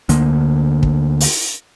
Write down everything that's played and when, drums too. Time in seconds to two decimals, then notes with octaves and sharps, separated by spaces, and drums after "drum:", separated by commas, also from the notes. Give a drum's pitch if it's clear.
0.09 D2 D3 A#3, drum: hi-hat
0.83 drum: kick
1.20 drum: open hi-hat